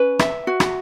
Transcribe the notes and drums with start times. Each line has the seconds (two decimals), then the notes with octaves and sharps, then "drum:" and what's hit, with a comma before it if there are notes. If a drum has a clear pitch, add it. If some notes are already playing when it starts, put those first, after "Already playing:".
Already playing: C#4 B4
0.19 E5, drum: rim click
0.47 F#4
0.60 drum: rim click